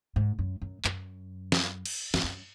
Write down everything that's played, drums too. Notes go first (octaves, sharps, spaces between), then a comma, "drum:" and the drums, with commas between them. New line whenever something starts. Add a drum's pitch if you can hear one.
G#2
F#2
F#2
F#2, drum: clap
drum: snare
drum: cymbal
G#2, drum: snare
F#2